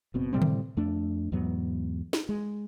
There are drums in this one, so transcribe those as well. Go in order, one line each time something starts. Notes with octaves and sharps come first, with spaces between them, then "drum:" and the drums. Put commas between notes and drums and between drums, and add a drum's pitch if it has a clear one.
F#1 B2 C4
A2 C3 G3 C4
drum: tom D3
F2 A3 D4
E2 G#2 F#3 B3
drum: snare
G#3